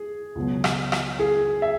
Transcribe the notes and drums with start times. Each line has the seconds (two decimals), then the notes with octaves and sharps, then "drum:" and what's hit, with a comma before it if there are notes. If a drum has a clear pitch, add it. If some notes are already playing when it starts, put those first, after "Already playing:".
Already playing: G#4
0.35 C#2 B2 F#3
0.64 drum: rim click
0.92 drum: rim click
1.19 G#4
1.62 E5